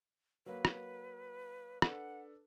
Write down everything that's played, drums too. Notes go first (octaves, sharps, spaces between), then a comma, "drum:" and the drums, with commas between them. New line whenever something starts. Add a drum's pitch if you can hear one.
F#3 A#3 B4
drum: rim click
D4 A4 B4 F#5, drum: rim click